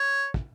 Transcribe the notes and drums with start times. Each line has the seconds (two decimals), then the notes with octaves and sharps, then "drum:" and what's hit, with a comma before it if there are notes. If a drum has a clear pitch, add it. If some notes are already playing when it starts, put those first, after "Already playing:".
Already playing: C#5
0.34 drum: kick